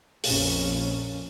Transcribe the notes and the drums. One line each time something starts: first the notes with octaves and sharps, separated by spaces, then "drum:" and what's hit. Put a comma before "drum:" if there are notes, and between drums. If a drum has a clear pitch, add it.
A#1 F2 A#2 C#4, drum: open hi-hat